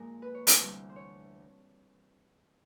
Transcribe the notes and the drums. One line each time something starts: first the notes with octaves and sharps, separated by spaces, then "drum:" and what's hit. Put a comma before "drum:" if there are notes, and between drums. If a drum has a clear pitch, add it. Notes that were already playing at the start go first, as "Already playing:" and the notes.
Already playing: A#2 F3 G#3 A#4
B4
C#5
C#5, drum: hi-hat
D2 C3 E3 G3 C5
C5
C#5